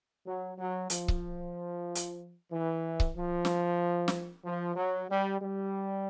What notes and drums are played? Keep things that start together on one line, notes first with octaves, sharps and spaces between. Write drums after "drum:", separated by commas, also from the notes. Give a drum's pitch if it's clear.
F#3
F#3
F3, drum: hi-hat
drum: kick C#1
drum: hi-hat
E3
drum: kick C#1
F3
drum: snare
drum: snare
F3
F#3
G3
G3